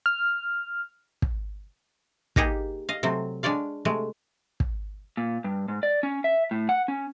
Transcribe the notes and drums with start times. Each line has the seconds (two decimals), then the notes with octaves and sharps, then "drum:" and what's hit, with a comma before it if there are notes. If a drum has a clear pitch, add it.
0.06 F6
1.22 drum: kick
2.36 A#3 D#4 G4 G#4, drum: kick
2.89 D#5 F5
3.03 C3 F#3 A3 C4
3.43 G#3 D4 C#5 D5 F5
3.85 C3 G#3 A3
4.60 drum: kick
5.17 A#2
5.44 G2
5.68 G#2
5.83 D5
6.03 C#4
6.24 E5
6.51 A2
6.69 F#5
6.88 C#4